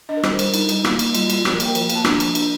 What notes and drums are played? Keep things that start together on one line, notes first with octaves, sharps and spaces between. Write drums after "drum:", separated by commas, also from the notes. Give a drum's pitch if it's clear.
D4 D#5
A#4
G3 C5, drum: rim click
G3 A#4, drum: cymbal
G3 D#4, drum: cymbal
G3, drum: cymbal
A#3, drum: rim click
A#3, drum: cymbal
G3 F4, drum: cymbal
G3 F4, drum: cymbal
F3 G4, drum: rim click
A#4
A#3, drum: cymbal
G5
F3, drum: cymbal
A#3, drum: cymbal
A5
D4 A#5, drum: rim click
F3, drum: cymbal
D4, drum: cymbal